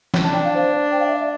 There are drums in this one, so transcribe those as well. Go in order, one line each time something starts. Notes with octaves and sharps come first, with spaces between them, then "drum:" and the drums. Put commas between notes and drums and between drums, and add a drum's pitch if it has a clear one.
drum: snare
D4 A5
G5
F5
C5
G5
F5
E5
D5